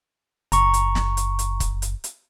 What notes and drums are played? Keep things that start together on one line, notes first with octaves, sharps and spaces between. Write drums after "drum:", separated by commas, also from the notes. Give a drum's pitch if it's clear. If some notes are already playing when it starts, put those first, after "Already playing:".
F#1 A#5 C#6, drum: hi-hat
drum: hi-hat
drum: snare
drum: hi-hat
drum: hi-hat
drum: kick, hi-hat
drum: hi-hat
drum: hi-hat